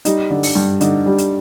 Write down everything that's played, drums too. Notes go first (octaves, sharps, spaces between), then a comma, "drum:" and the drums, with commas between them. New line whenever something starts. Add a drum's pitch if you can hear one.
G3 D#4, drum: hi-hat
D3
drum: open hi-hat
G2
D3 D#4, drum: hi-hat
G3
drum: hi-hat